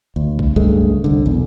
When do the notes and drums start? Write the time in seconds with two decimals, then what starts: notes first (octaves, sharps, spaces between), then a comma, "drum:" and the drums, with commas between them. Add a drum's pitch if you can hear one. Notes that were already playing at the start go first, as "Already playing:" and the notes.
0.16 D2
0.39 drum: kick B1
0.56 C#2 G2 G#3 A3
1.04 C2 D3
1.26 B1 E2